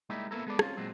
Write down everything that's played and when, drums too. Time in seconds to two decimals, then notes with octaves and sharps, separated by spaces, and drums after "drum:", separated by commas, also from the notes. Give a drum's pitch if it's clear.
0.09 G3 G#3 A#3 D#4 E4 G4
0.31 A#3 B3 E4 A4 A#4
0.47 G#3 B3 G#4 A4 B4 D5
0.59 C4 C#4 F4, drum: rim click
0.77 A#2 F#3 G#3 C4